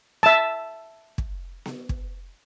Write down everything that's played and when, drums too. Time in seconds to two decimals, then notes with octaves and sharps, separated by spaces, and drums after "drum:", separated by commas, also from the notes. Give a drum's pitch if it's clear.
0.23 E5 A5
1.18 drum: kick
1.66 drum: snare B3
1.89 drum: kick